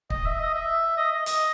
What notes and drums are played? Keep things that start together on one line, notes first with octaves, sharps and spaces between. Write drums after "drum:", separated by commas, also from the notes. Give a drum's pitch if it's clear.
D#5, drum: kick
E5
D#5
E5
D#5
D#5
D#5, drum: hi-hat